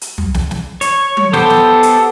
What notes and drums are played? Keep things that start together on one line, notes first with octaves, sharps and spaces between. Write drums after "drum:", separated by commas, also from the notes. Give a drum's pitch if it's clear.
drum: hi-hat
drum: tom
drum: snare
drum: snare
C#5, drum: hi-hat
drum: tom F#3
B3 G4 A4 C5, drum: snare
drum: snare
drum: hi-hat